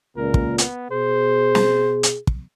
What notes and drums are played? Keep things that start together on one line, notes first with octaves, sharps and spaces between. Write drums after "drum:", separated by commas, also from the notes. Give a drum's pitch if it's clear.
C#2 A#2 A#4
drum: kick
B3, drum: hi-hat
B2 G#4 C5
drum: snare
drum: hi-hat
drum: kick